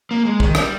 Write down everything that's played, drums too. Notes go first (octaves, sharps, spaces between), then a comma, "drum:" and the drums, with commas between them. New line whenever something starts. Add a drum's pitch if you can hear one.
A#3
G#3
D#3, drum: kick
G3, drum: rim click